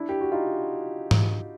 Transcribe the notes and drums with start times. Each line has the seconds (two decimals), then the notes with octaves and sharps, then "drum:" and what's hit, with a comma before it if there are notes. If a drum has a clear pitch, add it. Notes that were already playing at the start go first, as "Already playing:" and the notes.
Already playing: D4 E4
0.09 G4
0.21 F#4
0.32 D#4 F4
1.11 drum: tom G#2